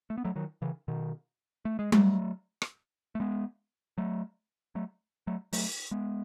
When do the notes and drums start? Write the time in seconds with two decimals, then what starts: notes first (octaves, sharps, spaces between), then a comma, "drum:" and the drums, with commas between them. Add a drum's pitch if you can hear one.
0.10 A3
0.18 B3
0.25 F#3 A3
0.36 D#3 F#3
0.62 C#3 E3
0.88 B2 D#3
1.65 A3
1.79 G#3
1.92 F#3 A3, drum: tom G3
2.62 drum: rim click
3.15 A3
3.20 G#3 B3
3.98 F#3 A3
4.75 F#3 A3
5.27 F#3 A3
5.53 F#3 A3, drum: open hi-hat
5.91 G#3 B3